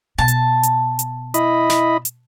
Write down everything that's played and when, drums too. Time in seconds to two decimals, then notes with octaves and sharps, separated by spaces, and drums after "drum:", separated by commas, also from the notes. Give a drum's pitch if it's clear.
0.19 B2 A5
0.28 drum: hi-hat
0.63 drum: hi-hat
0.99 drum: hi-hat
1.34 E4 D#5 B5, drum: hi-hat
1.70 drum: snare
2.05 drum: hi-hat